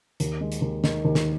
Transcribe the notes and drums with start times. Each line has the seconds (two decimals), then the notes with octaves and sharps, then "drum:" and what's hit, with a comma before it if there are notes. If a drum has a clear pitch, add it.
0.20 D#2, drum: hi-hat
0.41 G#3
0.52 drum: hi-hat
0.62 D#2
0.84 D#3, drum: snare
1.05 D#2
1.15 drum: snare